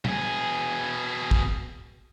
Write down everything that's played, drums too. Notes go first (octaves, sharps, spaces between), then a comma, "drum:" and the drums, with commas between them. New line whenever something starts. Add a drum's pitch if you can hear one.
B2 G#4, drum: tom B2
drum: kick